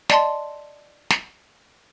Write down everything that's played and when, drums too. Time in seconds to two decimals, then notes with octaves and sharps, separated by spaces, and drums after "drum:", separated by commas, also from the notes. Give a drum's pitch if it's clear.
0.09 D5 D#5 A5 C6, drum: snare
1.10 drum: snare